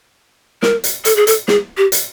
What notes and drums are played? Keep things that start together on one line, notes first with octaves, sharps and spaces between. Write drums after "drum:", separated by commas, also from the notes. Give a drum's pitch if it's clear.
A#4, drum: snare
drum: hi-hat
A4, drum: hi-hat
G#4
A4, drum: hi-hat
G#4, drum: snare
G4
drum: hi-hat